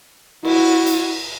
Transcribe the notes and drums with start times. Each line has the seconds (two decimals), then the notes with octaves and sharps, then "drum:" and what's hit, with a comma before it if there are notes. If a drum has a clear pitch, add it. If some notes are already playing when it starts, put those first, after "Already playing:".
0.45 E4 F#4, drum: cymbal
0.86 drum: hi-hat